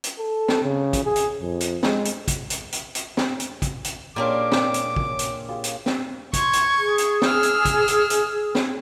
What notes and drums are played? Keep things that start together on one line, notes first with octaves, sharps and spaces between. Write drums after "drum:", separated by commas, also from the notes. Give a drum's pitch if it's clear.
drum: hi-hat
A4
drum: snare
C#3
drum: kick, hi-hat
G#4
drum: hi-hat
F2
drum: hi-hat
G#3, drum: snare
drum: hi-hat
drum: kick, hi-hat
drum: hi-hat
drum: hi-hat
drum: hi-hat
drum: snare
drum: hi-hat
drum: kick, hi-hat
drum: hi-hat
A#2 G#3 A#3 C#4 D4 G4 D6
drum: snare
drum: hi-hat
drum: kick
drum: hi-hat
F4 G4 G#4
drum: hi-hat
drum: snare
C6 C#6 G#6, drum: kick, hi-hat
drum: hi-hat
G#4
drum: hi-hat
E6 F6, drum: snare
drum: hi-hat
drum: kick, hi-hat
drum: hi-hat
drum: hi-hat
drum: snare